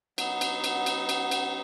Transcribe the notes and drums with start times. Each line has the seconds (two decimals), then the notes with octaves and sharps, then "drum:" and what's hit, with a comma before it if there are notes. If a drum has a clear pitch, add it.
0.18 F#3 B3 D#4, drum: cymbal
0.41 drum: cymbal
0.64 drum: cymbal
0.86 drum: cymbal
1.09 drum: cymbal
1.31 drum: cymbal